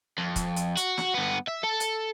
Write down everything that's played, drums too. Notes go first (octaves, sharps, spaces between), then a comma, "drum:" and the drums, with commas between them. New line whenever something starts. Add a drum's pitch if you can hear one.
F2
drum: kick, hi-hat
drum: hi-hat
F#4, drum: hi-hat
drum: snare
G2 B3
E5
A4
drum: hi-hat